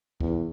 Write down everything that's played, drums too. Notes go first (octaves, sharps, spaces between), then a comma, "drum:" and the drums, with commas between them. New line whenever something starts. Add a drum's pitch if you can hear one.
E2, drum: kick